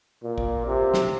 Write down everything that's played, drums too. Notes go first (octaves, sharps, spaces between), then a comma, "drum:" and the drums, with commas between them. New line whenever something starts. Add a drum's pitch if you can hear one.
A#2
drum: kick A1
C3
drum: snare